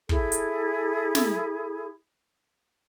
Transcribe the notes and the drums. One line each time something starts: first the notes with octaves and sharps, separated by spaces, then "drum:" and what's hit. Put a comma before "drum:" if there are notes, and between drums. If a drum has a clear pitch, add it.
E4 G#4 A4, drum: kick
drum: hi-hat
drum: snare